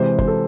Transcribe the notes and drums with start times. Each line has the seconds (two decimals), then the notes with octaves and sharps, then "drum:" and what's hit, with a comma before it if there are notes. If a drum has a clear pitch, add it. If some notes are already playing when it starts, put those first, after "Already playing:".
Already playing: C3 E3 G#3 C5
0.18 C5, drum: kick G1
0.27 A4